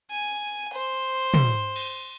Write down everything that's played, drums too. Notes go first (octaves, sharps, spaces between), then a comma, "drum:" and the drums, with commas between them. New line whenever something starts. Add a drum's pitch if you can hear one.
G#5
C5
drum: tom
drum: cymbal